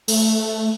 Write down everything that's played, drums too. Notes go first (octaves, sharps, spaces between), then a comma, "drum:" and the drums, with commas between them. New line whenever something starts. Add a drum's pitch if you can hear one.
A3, drum: open hi-hat